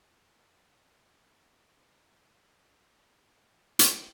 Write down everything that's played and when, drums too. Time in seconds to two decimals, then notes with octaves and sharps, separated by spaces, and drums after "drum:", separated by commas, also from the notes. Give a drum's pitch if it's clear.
0.32 G1 C3 B5 F#7
3.13 G#2 C4 G4
3.79 drum: hi-hat